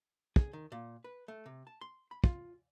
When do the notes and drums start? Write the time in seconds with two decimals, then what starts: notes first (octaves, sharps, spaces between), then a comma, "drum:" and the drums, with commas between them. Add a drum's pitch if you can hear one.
0.36 G#4, drum: kick
0.53 D#3
0.72 A#2
1.04 B4
1.28 A3
1.46 C3
1.67 A5
1.81 C6
2.11 B5
2.24 F4, drum: kick